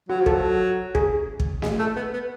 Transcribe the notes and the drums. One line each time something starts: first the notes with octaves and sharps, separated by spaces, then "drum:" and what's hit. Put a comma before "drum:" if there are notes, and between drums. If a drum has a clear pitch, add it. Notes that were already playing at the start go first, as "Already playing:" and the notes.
F#3 F#4
F3
A4, drum: kick
F#3
G#4, drum: kick
drum: kick
G#3, drum: snare
A3
B3
B3